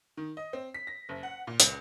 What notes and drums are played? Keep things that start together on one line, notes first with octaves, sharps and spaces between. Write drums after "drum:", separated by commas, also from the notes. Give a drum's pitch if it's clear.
D#3
D#5
C4
B6
A#6
F#1
F#5
A#2
C#2, drum: hi-hat